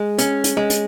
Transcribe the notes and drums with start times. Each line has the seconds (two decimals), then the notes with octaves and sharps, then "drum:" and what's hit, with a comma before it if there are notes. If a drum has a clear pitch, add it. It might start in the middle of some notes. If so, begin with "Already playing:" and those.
Already playing: G#3
0.18 C#4, drum: hi-hat
0.44 drum: hi-hat
0.57 G#3
0.70 drum: hi-hat